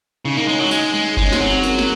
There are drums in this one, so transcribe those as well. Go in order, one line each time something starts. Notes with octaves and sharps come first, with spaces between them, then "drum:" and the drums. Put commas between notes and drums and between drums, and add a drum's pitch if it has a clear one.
C#3 D#4
A#3 D#4
G#3 C#4
F#3 D#4
G#3, drum: tambourine
G#3
G#3 D#4, drum: kick F#1
C#4
C4, drum: snare
F#3 C#4
G#3
A#3, drum: tambourine
drum: snare